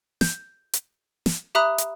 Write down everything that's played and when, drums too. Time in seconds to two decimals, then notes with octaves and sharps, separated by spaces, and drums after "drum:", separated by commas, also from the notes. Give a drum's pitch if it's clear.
0.21 G6, drum: snare
0.73 drum: hi-hat
1.26 drum: snare
1.55 G4 E5 A#5 B5 D#6 F#6
1.78 drum: hi-hat